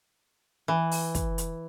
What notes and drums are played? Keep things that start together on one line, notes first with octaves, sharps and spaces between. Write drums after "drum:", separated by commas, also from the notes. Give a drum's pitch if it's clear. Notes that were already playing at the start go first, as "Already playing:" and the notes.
E3
drum: open hi-hat
drum: kick, hi-hat
drum: hi-hat